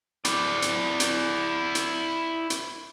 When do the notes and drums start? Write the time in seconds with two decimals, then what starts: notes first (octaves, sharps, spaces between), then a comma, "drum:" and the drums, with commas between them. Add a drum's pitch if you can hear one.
0.25 E4 D5, drum: hi-hat
0.62 drum: hi-hat
1.00 drum: hi-hat
1.75 drum: hi-hat
2.50 drum: hi-hat